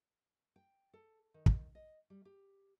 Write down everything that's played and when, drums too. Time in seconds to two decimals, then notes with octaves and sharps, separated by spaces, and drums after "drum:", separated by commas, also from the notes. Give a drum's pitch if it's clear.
0.56 G5
0.93 A4
1.34 D#3
1.46 drum: kick
1.75 D#5
2.10 G3
2.25 G4